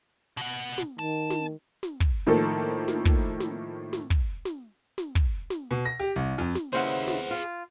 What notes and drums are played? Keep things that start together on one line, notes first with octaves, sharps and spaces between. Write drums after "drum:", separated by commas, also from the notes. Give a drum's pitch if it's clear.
B2 F#5
drum: snare
D#3 A5
drum: snare
drum: snare
drum: kick
A2 D#3 F3 A#3 A4
drum: snare
drum: kick
drum: snare
drum: snare
drum: kick
drum: snare
drum: snare
drum: kick
drum: snare
B2
A#6
G4
C2
F2
drum: snare
D#2 C#3 E4 G#4 B4 C5 F#5
drum: snare
F4